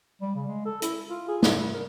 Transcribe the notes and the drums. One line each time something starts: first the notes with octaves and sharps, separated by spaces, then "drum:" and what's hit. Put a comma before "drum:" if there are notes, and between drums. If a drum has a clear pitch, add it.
G3
C#3
G#3
A4
E4, drum: hi-hat
F4
G#4
G#2, drum: snare
G3
A#4